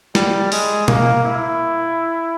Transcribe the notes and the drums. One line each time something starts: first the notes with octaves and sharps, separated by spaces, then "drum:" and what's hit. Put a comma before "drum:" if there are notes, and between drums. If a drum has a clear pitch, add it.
G3, drum: snare
G#3, drum: open hi-hat
A#3, drum: tom
E4